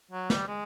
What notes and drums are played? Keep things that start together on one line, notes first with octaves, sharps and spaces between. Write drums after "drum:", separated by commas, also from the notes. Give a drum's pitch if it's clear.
F#3
G3, drum: snare
G#3